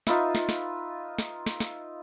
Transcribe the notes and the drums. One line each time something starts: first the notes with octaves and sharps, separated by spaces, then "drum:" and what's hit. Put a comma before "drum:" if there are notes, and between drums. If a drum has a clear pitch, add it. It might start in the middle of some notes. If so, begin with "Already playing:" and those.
D#4 F4 B4 E5, drum: snare
drum: snare
drum: snare
drum: snare
drum: snare
drum: snare